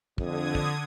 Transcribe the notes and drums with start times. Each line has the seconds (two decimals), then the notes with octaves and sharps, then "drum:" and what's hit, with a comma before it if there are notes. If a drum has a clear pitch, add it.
0.18 F2 D3 D#6 G#6, drum: kick
0.55 drum: kick